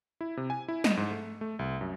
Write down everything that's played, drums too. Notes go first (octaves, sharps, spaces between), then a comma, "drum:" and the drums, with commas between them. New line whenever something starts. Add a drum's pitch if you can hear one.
E4
C3
G#5
E4
D#5, drum: snare
G#2
A3
A3
C2
F#2